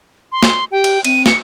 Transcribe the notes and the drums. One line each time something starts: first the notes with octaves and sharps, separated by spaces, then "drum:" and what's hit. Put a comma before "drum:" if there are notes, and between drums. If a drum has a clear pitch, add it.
C6
drum: snare
G4 G5
drum: cymbal
C4 D#7, drum: cymbal
C#7, drum: snare